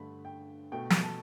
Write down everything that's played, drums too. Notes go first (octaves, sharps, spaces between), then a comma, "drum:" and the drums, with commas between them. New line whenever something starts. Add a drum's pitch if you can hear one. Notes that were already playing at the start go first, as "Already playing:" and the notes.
Already playing: G2 D3 A3 B5
G5
B2 A3 G5
drum: snare
A5